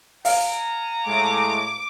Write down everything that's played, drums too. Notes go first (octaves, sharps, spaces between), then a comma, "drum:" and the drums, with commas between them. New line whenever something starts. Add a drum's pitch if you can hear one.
F5 F#5 G#5 A#5, drum: open hi-hat
A2 G#3 A3 D6